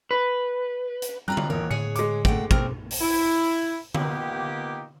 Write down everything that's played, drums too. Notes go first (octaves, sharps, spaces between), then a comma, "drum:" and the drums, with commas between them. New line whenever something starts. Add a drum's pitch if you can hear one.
B4
drum: hi-hat
G3 C4 F4 B4 A#5 F#6
drum: tom D3
D#1 E3 A#4 C#5
A2 D3 G#4 C#5 G#5 C#7
G#3 D6, drum: hi-hat
A3 F#5 G5, drum: kick
B2 A3 C4 A#4, drum: kick
drum: open hi-hat
E4
A#3 B3 D#4 F4 G4, drum: tom D3